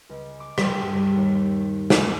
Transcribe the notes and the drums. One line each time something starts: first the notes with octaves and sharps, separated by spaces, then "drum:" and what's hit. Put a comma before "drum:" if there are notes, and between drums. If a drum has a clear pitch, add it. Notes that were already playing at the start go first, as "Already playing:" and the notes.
C#2
D6
G3, drum: rim click
G2
D#2
drum: snare